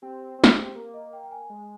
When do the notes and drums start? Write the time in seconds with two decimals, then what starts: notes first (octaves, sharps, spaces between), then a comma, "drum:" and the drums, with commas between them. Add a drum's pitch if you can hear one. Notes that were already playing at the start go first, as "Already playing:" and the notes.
0.02 C4 G4
0.39 C4
0.44 G#4, drum: snare
0.51 G4
0.75 A#3 A#4
0.94 D#5
1.13 G5
1.24 G5
1.31 G#5
1.50 G#3